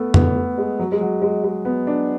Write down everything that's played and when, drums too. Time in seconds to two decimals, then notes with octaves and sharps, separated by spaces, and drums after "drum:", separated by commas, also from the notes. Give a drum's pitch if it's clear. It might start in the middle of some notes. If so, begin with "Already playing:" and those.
Already playing: A3 B3
0.14 B3, drum: tom
0.36 A3
0.58 G#3
0.79 F#3
0.92 G#3
1.01 F#3
1.22 G#3
1.44 G#3
1.65 B3
1.87 D4